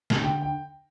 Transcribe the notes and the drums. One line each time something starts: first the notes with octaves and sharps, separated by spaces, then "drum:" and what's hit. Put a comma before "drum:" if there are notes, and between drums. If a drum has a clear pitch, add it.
A5, drum: snare
D3 G5
G5